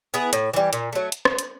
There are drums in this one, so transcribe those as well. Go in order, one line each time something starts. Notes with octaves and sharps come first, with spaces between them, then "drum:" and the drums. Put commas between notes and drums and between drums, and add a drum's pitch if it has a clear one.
B3 E4 G#4
A2, drum: hi-hat
E3 G3
A#2, drum: hi-hat
F#3 A3
drum: hi-hat
drum: rim click
drum: hi-hat